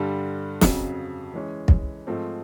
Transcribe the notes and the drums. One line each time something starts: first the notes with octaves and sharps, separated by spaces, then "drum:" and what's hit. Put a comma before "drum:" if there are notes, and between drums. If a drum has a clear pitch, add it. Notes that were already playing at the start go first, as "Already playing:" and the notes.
Already playing: G2 D3 G3
F2 C#3 F#3, drum: snare
E3 G#3 C#4
drum: kick
G#2 F3 A3 C4